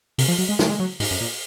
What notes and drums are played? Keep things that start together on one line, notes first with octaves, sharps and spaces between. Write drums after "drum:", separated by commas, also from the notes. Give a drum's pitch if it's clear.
C3, drum: open hi-hat
F3
F#3
G#3
F#3, drum: snare
G#3
F#3
G#2, drum: open hi-hat
F#2
A#2